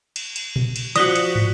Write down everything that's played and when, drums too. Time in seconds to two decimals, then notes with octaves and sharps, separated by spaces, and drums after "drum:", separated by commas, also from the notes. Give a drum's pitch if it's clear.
0.16 drum: cymbal
0.36 drum: cymbal
0.56 drum: tom A#2
0.76 drum: cymbal
0.96 F3 F#4 D5 D#6 F#6 A#6 B6 G7, drum: cymbal
1.16 drum: cymbal
1.35 drum: tom